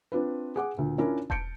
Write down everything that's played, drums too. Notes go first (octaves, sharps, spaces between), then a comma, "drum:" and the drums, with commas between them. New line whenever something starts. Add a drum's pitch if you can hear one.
C4 D4 F4 B4
G#4 F#5 D6
D2 A#2
C#4 D4 E4 F4 A#4
A5 G6 C#7 D7, drum: kick E1